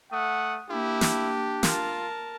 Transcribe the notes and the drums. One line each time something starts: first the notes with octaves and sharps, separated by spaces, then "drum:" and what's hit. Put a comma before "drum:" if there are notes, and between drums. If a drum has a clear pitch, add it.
A3 F#5 D#6
A#3 D4 E4 G4
drum: snare
F4 A#4 A5, drum: snare